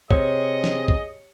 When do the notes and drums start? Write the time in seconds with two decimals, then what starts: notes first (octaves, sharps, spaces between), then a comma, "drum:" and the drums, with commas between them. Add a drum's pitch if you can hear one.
0.11 C3 G#4 C#5 D#5, drum: kick
0.64 drum: snare
0.88 drum: kick